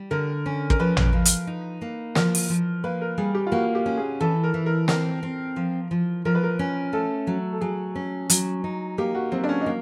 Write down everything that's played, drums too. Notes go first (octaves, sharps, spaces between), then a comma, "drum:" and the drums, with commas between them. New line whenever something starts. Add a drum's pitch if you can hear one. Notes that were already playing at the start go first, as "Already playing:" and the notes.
Already playing: G3
D3 A#4
C#4
A#4, drum: kick
F3 B4
drum: tom A1
F3
drum: hi-hat
D#4
A#3
F3 A#4, drum: snare
drum: open hi-hat
F3
A#3 B4
A#4
G3 G#4
G4
F4
A#3 F#4
G4
C#4
G#4
E3 A4
A#4
E3
A#4
C4 A#4, drum: snare
C4
F3
F3
F3 A#4
B4
A#4
C#4
A3 A4
F#3
A4
F#3 G#4
C#4
F#3, drum: hi-hat
D#4
A#3 G4
F#4
F#3 C4
D4
C#4
D#4
A#3